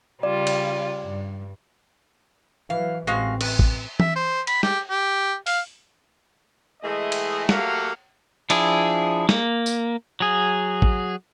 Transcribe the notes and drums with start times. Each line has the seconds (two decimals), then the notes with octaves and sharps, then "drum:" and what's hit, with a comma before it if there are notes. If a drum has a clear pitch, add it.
0.23 C#3 G3 F4 D5
0.47 drum: cymbal
1.04 G2
2.70 E3 F#3 F5
3.07 A1 G#3 C4 F#4 F5
3.41 B4, drum: cymbal
3.59 drum: kick A1
4.00 E5, drum: tom E3
4.15 C5
4.47 B5, drum: cymbal
4.63 G4, drum: snare
4.90 G4
5.47 F5, drum: open hi-hat
6.82 E3 G#3 A3 G#4 D#5
7.12 drum: cymbal
7.49 F#3 A3 A#3 G4 F5 F#5, drum: snare
8.50 F3 D4 E4 G#4, drum: cymbal
9.29 A#3, drum: snare
9.66 drum: tambourine
10.20 F#3 G#4
10.82 drum: kick A1